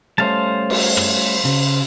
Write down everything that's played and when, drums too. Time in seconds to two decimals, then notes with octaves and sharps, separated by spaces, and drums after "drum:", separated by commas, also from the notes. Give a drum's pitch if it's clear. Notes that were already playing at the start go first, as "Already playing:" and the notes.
0.18 G3 A3 C#4 C5 F5 A5
0.70 drum: cymbal
0.97 drum: rim click
1.45 C#3, drum: cymbal